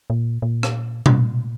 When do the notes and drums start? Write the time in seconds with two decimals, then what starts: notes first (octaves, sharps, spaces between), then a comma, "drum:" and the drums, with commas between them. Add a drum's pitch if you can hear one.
0.10 A#2
0.42 A#2
0.63 drum: rim click
1.06 A#2, drum: tom B2